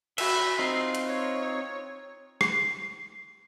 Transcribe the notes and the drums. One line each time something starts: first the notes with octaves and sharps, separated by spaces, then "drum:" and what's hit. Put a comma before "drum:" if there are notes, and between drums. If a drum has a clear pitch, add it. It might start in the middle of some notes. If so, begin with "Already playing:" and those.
F#4 E5 B5, drum: cymbal
C4 D#4 F4 C7
drum: hi-hat
C#5
C7, drum: rim click